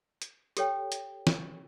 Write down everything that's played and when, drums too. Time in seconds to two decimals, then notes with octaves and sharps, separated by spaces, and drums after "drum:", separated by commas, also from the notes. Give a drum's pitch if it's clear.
0.22 drum: hi-hat
0.57 G4 A4 C#5 G5, drum: hi-hat
0.92 drum: hi-hat
1.27 drum: snare